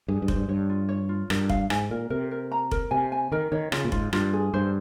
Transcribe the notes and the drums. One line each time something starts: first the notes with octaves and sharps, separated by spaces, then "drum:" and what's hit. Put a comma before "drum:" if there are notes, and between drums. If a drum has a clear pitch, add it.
G2 G#4
G2
C5, drum: kick F1
G2
G2 C#5
F4
C#5
F4
G2 A#4, drum: rim click
F5, drum: kick F1
G#2 G#5, drum: rim click
A#2 A#4
C3 A#4
A#4
A#5
A#4, drum: kick F1
C3 G#5
G#5
D#3 A#4
D#3 C#5
C#3 F4, drum: rim click
A#2
G#2 F4, drum: kick F1
G2 F4, drum: rim click
G#4
G2 C5